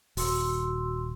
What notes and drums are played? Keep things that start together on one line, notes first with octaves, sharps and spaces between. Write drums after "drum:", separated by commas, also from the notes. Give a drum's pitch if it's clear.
D#1 F#4 C6 E6, drum: open hi-hat